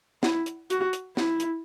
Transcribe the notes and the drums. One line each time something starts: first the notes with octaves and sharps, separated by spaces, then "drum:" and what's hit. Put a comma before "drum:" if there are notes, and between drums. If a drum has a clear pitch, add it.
E4, drum: snare
drum: hi-hat
F#4, drum: hi-hat
drum: hi-hat
E4, drum: snare
drum: hi-hat